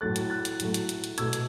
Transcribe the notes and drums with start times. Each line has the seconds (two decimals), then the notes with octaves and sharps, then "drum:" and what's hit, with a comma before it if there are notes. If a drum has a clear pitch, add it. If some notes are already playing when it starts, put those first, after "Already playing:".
0.01 A2 F#3 A3 F#6 A6
0.16 drum: hi-hat
0.30 F#6 A6
0.45 drum: hi-hat
0.60 A2 F#3 A3, drum: hi-hat
0.74 drum: hi-hat
0.89 drum: hi-hat
1.04 drum: hi-hat
1.18 B2 A3 E6 G#6, drum: hi-hat
1.33 drum: hi-hat